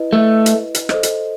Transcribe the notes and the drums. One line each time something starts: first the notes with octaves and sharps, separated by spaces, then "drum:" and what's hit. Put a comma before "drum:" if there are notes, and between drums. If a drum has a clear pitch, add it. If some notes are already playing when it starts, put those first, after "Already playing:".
Already playing: E4 B4 D#5
A3
drum: hi-hat
drum: hi-hat
A4 C5 D#5, drum: rim click
drum: hi-hat